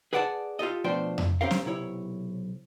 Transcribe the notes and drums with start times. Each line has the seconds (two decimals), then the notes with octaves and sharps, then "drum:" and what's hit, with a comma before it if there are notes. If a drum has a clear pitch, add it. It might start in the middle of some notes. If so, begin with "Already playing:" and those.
0.13 G#4 B4 D5 F#5 G5 A5
0.59 F4 G4 A4 D#5
0.84 B2 F3 A3 D4 C5 G5
1.18 drum: tom F2
1.41 C4 C#4 G4 A#4 F5
1.51 drum: snare
1.65 B1 C3 E4 C#5